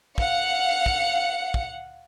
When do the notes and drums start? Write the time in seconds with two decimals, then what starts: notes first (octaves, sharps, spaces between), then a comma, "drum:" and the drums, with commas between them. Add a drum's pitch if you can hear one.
0.18 F5 F#5 C#7, drum: kick
0.86 drum: kick
1.54 drum: kick